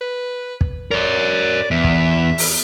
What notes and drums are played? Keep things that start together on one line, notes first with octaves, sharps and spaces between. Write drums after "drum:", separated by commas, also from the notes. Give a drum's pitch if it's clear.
B4
drum: kick
A#4 C#5 D5
E2 E5
drum: kick
drum: open hi-hat